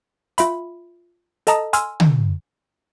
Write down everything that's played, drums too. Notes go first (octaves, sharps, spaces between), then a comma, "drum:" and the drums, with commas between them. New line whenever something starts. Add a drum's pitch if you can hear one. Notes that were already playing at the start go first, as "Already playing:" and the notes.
F4 E5 B5, drum: hi-hat
A4 D#5 A5 A#5 D#6, drum: hi-hat
G#5 C6 E6 F6, drum: hi-hat
drum: tom